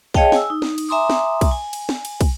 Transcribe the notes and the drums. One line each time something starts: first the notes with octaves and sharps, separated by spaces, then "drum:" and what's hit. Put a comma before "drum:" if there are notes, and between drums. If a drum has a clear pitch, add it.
G#4 C#5 D#5 F5 G5 A5, drum: kick
G#5 E6, drum: snare
D#4
drum: snare
drum: cymbal
E5 G#5 A#5 C6 D6 D#6
drum: snare
drum: kick, cymbal
G#5
drum: cymbal
drum: snare
drum: cymbal
drum: kick, cymbal